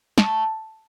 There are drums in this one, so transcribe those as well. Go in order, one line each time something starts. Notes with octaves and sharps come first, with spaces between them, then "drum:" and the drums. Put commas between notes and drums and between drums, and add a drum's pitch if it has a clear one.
A3, drum: snare